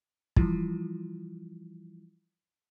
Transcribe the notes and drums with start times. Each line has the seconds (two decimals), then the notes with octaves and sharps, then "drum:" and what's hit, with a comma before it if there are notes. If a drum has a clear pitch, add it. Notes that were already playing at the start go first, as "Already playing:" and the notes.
0.36 E3 F3 G3 E4 F4, drum: kick